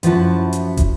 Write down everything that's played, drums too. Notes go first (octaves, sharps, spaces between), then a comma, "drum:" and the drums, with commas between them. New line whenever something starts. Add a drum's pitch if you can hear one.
F#2 F3 E4 F#4 A5, drum: hi-hat
drum: hi-hat
drum: kick, hi-hat